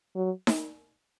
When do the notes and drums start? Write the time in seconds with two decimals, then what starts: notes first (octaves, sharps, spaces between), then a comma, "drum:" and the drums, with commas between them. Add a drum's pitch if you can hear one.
0.16 F#3
0.47 drum: snare D#4